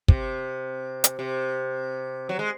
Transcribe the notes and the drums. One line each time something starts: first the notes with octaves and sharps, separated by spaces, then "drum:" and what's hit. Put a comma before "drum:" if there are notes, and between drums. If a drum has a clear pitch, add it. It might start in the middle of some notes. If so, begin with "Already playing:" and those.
C3, drum: kick
drum: hi-hat
C3
F#3
G#3